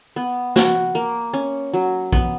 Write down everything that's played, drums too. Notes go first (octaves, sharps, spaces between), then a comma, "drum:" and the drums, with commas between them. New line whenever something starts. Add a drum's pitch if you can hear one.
B3
F#4, drum: snare
A#3
C#4
F#3
B3, drum: kick